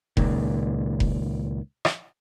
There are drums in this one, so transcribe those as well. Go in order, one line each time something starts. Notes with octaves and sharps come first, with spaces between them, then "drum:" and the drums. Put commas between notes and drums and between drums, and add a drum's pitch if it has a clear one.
C#2 A#2 D#3, drum: kick F1
drum: kick F1
drum: rim click